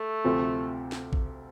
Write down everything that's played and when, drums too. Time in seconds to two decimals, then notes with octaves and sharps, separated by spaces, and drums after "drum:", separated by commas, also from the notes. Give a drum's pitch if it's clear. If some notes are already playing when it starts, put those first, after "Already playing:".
Already playing: A3
0.24 D2 C3 F3 C4 A4
0.92 drum: snare
1.13 drum: kick A1